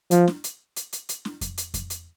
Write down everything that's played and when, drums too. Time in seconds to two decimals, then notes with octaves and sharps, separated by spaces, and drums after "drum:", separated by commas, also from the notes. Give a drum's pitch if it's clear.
0.11 F3, drum: hi-hat
0.28 drum: snare
0.44 drum: hi-hat
0.76 drum: hi-hat
0.93 drum: hi-hat
1.09 drum: hi-hat
1.25 drum: snare
1.41 drum: kick F2, hi-hat
1.57 drum: hi-hat
1.74 drum: kick F2, hi-hat
1.90 drum: hi-hat